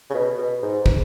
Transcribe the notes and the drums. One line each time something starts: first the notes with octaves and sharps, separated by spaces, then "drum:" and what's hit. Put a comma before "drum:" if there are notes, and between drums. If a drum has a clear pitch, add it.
C#3
B2
B2
G#2
drum: kick